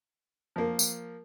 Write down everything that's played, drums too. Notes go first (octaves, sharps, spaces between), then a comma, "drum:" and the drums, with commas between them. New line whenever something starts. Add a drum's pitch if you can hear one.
F3 A#3
drum: tambourine